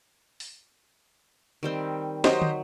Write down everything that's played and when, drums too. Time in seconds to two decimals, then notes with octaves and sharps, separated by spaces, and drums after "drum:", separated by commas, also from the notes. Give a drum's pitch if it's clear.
0.40 drum: open hi-hat
1.63 D#3 G3 C4
2.24 F#3 G4 C5 D#5, drum: snare
2.42 drum: tom